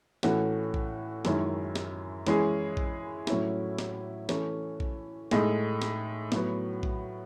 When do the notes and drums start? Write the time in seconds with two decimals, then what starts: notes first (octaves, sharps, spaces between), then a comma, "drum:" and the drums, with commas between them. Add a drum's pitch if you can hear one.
0.23 A2 E3 A3 C#4 F#4, drum: snare
0.74 drum: kick A#1
1.25 F#2 D#3 G#3 C#4 E4, drum: snare
1.75 drum: snare
2.27 E3 G#3 C#4 E4 G#4, drum: snare
2.77 drum: kick A#1
3.27 A2 F#3 C#4 E4, drum: snare
3.79 drum: snare
4.29 E3 A3 C#4, drum: snare
4.80 drum: kick A#1
5.31 A2 G#3 D#4 G#4, drum: snare
5.82 drum: snare
6.32 A2 F#3 B3, drum: snare
6.83 drum: kick A#1